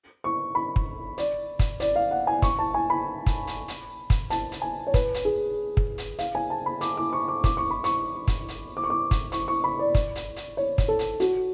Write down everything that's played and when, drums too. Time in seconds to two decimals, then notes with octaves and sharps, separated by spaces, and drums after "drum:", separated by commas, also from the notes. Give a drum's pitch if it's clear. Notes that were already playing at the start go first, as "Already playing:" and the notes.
0.24 C#6
0.55 B5
0.76 drum: kick
1.18 D5, drum: hi-hat
1.59 drum: kick, hi-hat
1.80 D5, drum: hi-hat
1.96 F5
2.11 F#5
2.27 G#5
2.42 C#6, drum: kick, hi-hat
2.59 A5
2.74 G#5
2.90 B5
3.26 drum: kick, hi-hat
3.47 drum: hi-hat
3.68 drum: hi-hat
4.10 drum: kick, hi-hat
4.30 A5, drum: hi-hat
4.52 drum: hi-hat
4.62 G#5
4.87 C#5
4.94 B4, drum: kick, hi-hat
5.14 drum: hi-hat
5.25 G#4
5.77 drum: kick
5.98 drum: hi-hat
6.19 F5, drum: hi-hat
6.35 G#5
6.50 A5
6.66 B5
6.81 D6, drum: hi-hat
6.97 D6
7.13 C#6
7.28 D6
7.44 D6, drum: kick, hi-hat
7.57 C#6
7.71 B5
7.84 C#6, drum: hi-hat
8.28 drum: kick, hi-hat
8.48 drum: hi-hat
8.77 D6
8.84 C#6
8.90 D6
9.11 drum: kick, hi-hat
9.32 C#6, drum: hi-hat
9.48 C#6
9.64 B5
9.79 D5
9.95 drum: kick, hi-hat
10.15 drum: hi-hat
10.36 drum: hi-hat
10.57 C#5
10.78 drum: kick, hi-hat
10.88 A4
10.99 drum: hi-hat
11.20 F#4, drum: hi-hat